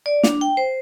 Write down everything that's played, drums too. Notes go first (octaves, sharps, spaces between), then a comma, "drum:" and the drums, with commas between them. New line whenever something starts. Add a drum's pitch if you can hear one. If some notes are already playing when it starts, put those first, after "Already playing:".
D5
D4, drum: snare
G5
C5